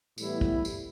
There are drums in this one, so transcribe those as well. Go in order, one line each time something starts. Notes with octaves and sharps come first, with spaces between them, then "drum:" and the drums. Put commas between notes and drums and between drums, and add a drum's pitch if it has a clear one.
A2 E3 G3 B3 E4, drum: tambourine
drum: kick
drum: tambourine